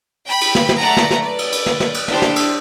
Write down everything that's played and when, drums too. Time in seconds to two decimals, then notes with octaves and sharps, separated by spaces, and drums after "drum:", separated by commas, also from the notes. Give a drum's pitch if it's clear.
0.25 G5 B5
0.41 drum: cymbal
0.55 drum: snare
0.69 drum: snare
0.78 A3 D5 F#5 A#5
0.97 drum: snare
1.11 drum: snare
1.21 B4 D5
1.39 drum: cymbal
1.52 drum: cymbal
1.66 drum: snare
1.80 drum: snare
1.94 drum: cymbal
2.08 D4 E4 G4 A4 C5, drum: snare
2.22 drum: snare
2.36 drum: cymbal